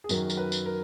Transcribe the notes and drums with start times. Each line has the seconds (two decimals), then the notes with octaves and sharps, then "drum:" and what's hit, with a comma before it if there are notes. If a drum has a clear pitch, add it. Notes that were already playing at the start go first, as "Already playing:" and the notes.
0.04 G#4
0.09 F#2 D#3 F#3 A#4, drum: tambourine
0.30 A#4, drum: tambourine
0.37 B4
0.52 drum: tambourine
0.66 A#4